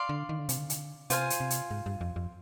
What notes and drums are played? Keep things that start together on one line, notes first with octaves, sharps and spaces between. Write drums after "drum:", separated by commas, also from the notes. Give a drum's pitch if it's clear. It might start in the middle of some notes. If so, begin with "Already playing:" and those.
Already playing: D5 F5 C6
D3
D#3
D3
C3, drum: hi-hat
D3
drum: hi-hat
C3 F4 C5 F5 G#5, drum: hi-hat
drum: hi-hat
C3
drum: hi-hat
G#2
G2
F2
F2